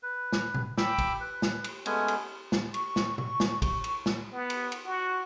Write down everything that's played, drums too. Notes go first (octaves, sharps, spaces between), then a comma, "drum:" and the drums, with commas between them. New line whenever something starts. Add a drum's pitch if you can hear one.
B4
drum: snare
drum: tom
G5 B5 D6 E6, drum: snare
drum: kick, cymbal
B4
drum: snare
drum: cymbal
G#3 A3 B3 C#4 G#5, drum: cymbal
drum: cymbal
drum: snare
C#6, drum: cymbal
drum: snare
drum: tom
drum: snare
drum: kick, cymbal
drum: cymbal
drum: snare
B3
drum: cymbal
drum: cymbal
F#4